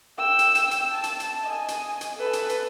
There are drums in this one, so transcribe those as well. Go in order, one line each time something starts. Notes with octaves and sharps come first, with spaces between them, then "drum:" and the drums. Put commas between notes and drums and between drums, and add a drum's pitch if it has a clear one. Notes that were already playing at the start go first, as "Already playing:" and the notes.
G5 E6
drum: hi-hat
drum: hi-hat
drum: hi-hat
A5
drum: hi-hat
drum: hi-hat
D#5 G#5
drum: hi-hat
drum: hi-hat
A4 B4
drum: hi-hat
drum: hi-hat